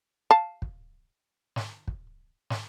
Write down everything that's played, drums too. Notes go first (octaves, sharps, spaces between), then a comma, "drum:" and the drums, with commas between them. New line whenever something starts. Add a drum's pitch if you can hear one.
F5 A5
drum: kick
drum: snare
drum: kick
drum: snare